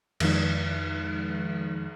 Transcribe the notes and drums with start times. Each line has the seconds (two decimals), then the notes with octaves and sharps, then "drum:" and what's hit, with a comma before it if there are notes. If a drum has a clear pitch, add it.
0.20 F2 D#3 F3 G#3 D#4, drum: cymbal